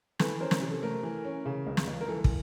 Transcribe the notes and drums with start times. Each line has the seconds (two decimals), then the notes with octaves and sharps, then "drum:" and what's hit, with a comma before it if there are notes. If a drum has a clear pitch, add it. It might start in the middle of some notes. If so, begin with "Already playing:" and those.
0.19 E3 A4 B4, drum: snare
0.40 C#4 A#4 C5
0.51 drum: snare
0.61 C3
0.71 A4
0.83 A3 A#4
1.03 E3
1.25 C#4
1.45 C#3
1.67 C#2
1.77 drum: snare
1.88 C#2
2.01 A#4
2.09 E3 A4
2.24 drum: kick